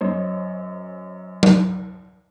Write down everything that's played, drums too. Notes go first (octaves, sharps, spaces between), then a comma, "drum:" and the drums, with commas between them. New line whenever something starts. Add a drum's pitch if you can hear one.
F#2 C5 C#5 D#5
drum: tom F#3